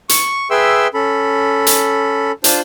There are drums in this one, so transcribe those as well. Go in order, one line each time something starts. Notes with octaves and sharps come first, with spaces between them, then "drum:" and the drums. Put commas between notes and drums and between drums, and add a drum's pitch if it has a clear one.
C#6, drum: hi-hat
G#4 B4 E5 G5 C6 E6
C#4 A4 B5
drum: hi-hat
D4 F4 C5, drum: hi-hat